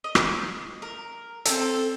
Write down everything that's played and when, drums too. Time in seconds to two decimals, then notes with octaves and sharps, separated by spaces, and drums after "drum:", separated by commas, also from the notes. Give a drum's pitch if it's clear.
0.04 D#5
0.15 drum: rim click
0.82 A#4
1.45 C4 A4, drum: hi-hat